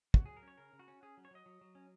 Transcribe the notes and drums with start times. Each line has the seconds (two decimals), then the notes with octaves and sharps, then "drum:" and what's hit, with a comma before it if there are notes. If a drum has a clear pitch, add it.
0.14 F#3 F#4, drum: kick
0.26 F#3 G#4
0.37 A#4
0.43 C#4 C#5
0.57 C#3 A#4
0.73 C#3
0.79 F#4
0.88 C#4
1.03 C#4 G#4
1.17 F#3
1.25 C#5
1.31 F#3 D#5
1.46 F#3
1.61 F#3
1.75 C#4